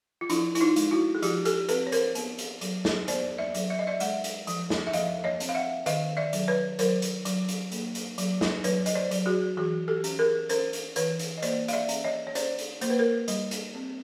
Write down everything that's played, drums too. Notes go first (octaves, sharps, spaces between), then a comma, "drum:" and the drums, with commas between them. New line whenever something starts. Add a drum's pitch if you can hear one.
F4
F3 D4 E4, drum: hi-hat
E4, drum: hi-hat
D#4 F4
G#3, drum: hi-hat
E4 F#4
G#4
F3 F4 G4, drum: hi-hat
G4 A4, drum: hi-hat
C4 A4 B4, drum: hi-hat
C#5
A#4 C5, drum: hi-hat
B3, drum: hi-hat
drum: hi-hat
F#3, drum: hi-hat
drum: snare
B3 C5 D5, drum: hi-hat
D5 E5
F#3, drum: hi-hat
E5
D#5
D5 E5
G#3 E5 F#5, drum: hi-hat
drum: hi-hat
F3, drum: hi-hat
drum: snare
E5
F3 D#5 F5, drum: hi-hat
C#5 D#5
C4, drum: hi-hat
F5
E5 F#5
D#3 D#5 F5, drum: hi-hat
D5 E5
F#3, drum: hi-hat
B4 C#5
F#3 A#4 C5, drum: hi-hat
drum: hi-hat
F#3, drum: hi-hat
drum: hi-hat
A#3, drum: hi-hat
drum: hi-hat
F#3, drum: hi-hat
drum: snare
F#3 B4 C#5, drum: hi-hat
D#5, drum: hi-hat
C5 D5
F#3, drum: hi-hat
F#4 G#4
E3 F#4 G#4
G4 A4
C#4, drum: hi-hat
G#4 A#4
C#4 A#4 C5, drum: hi-hat
drum: hi-hat
E3 B4 C#5, drum: hi-hat
drum: hi-hat
D#5
A#3 C5 D5, drum: hi-hat
F5, drum: hi-hat
D5 E5
C#4, drum: hi-hat
C#5 D#5
C#5
C#4 C5 D5, drum: hi-hat
drum: hi-hat
A#3 C5, drum: hi-hat
B4
A#4 C5
G3, drum: hi-hat
drum: hi-hat
C4